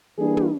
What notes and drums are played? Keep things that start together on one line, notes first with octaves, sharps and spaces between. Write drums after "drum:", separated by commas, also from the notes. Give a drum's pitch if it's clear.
E3 G3 A#3 D4 G#4
drum: tom